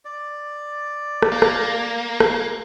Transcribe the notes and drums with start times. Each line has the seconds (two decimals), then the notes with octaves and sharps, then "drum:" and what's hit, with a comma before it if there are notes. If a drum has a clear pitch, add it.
0.05 D5
1.22 drum: rim click
1.32 A#3
1.42 drum: rim click
2.20 drum: rim click